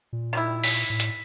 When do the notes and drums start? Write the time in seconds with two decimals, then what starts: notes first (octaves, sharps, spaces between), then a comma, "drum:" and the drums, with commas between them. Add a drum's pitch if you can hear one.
0.13 A#2
0.33 D#3 G3 E4
0.64 B6, drum: open hi-hat
0.90 A2
1.00 drum: hi-hat